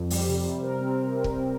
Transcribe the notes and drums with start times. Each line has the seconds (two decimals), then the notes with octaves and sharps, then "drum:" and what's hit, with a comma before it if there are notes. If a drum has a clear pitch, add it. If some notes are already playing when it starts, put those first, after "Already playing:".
Already playing: F2
0.10 G3, drum: open hi-hat
0.28 C3
0.46 G3
0.63 A#4
0.81 C4
1.24 drum: kick C#1